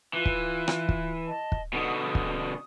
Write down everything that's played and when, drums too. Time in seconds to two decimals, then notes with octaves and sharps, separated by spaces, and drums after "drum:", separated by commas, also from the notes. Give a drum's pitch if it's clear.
0.13 E3 F4 F#6
0.26 drum: kick
0.68 drum: rim click
0.89 drum: kick
1.27 D#5 A5
1.52 drum: kick
1.73 B2 D3 D#4 F#5 D#6
1.98 D#6
2.15 drum: kick